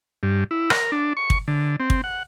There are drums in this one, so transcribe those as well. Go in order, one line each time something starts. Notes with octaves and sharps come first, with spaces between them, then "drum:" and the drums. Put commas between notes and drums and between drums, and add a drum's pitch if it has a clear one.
G2
E4
A#4, drum: rim click
D4
C#6
drum: kick
D3
C4
drum: kick
F#5